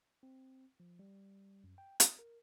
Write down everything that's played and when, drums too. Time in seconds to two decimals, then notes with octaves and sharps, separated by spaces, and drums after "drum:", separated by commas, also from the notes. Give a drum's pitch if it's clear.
0.23 C4
0.80 F3
0.99 G3
1.64 F#2
1.78 G5
2.00 D#6, drum: hi-hat
2.19 A#4